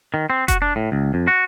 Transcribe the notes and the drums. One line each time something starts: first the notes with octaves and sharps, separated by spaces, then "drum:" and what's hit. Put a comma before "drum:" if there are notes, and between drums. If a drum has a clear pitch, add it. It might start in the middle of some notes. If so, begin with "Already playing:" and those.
D#3
C4
F#4, drum: kick F1, hi-hat
D4
A2
C#2
F2
F#4